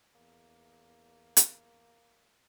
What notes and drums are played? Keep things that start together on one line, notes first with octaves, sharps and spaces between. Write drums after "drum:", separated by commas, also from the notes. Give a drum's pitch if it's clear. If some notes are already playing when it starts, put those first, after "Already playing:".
E2 A#3
drum: hi-hat